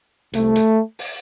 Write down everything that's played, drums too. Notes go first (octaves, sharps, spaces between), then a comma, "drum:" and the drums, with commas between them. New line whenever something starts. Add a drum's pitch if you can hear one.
C2 C3 A3, drum: hi-hat
drum: hi-hat
drum: open hi-hat